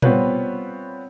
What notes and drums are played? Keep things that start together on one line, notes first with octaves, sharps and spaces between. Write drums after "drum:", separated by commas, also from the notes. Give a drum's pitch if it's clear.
G3 B3 C4 F4 B4 C#5, drum: tom A#2